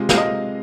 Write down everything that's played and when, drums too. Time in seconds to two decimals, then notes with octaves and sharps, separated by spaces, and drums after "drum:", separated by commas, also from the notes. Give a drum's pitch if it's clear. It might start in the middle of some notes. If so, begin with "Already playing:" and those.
Already playing: C3 G#3 F4 G#4
0.09 F5, drum: snare
0.18 D#5